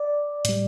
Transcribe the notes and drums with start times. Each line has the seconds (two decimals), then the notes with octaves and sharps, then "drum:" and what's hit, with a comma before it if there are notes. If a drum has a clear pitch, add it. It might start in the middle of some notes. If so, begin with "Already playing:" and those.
Already playing: D5
0.45 A2 G3, drum: hi-hat